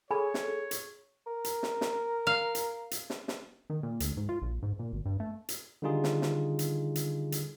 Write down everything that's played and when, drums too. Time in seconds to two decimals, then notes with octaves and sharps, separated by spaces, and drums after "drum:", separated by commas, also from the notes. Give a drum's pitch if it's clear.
0.11 G#4 A4 C#5 G#5 B5
0.34 drum: snare
0.71 drum: hi-hat
1.27 A#4
1.44 drum: hi-hat
1.63 drum: snare
1.81 drum: snare
2.27 F5
2.55 drum: hi-hat
2.91 drum: hi-hat
3.10 drum: snare
3.28 drum: snare
3.70 D#3
3.83 A#2
4.00 D2, drum: hi-hat
4.17 G#2
4.29 F4
4.42 A#1
4.63 G#2
4.79 A#2
4.93 G#1
5.06 G2
5.20 A3
5.49 drum: hi-hat
5.82 D3 D#3 G3 D#4 F4 G#4
6.04 drum: snare
6.22 drum: snare
6.59 drum: hi-hat
6.96 drum: hi-hat
7.32 drum: hi-hat